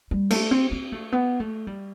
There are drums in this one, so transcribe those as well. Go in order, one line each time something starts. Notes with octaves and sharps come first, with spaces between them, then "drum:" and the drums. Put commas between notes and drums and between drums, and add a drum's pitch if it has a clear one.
G3
A3, drum: cymbal
C4
C4
A3
B3
A3
G3